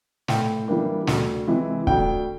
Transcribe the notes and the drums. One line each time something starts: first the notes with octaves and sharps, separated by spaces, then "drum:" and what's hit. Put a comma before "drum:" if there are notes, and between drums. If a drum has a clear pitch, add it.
A2 G5, drum: snare
E3 G3 A#3 D4
D2, drum: snare
C3 E3 G#3
D2 G5, drum: kick